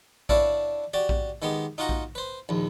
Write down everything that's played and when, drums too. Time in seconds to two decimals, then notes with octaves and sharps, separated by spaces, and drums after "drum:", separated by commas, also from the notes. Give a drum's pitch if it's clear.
0.29 D4 E4 B4 C#5 D5 F5, drum: kick A#1
0.94 F#4 G4 D5
1.09 drum: kick A#1
1.42 D#3 G#3 B3 G4
1.78 D#4 F4 F#4 F#5 A#5
1.89 drum: kick A#1
2.15 B4 C5
2.49 A#1 D#2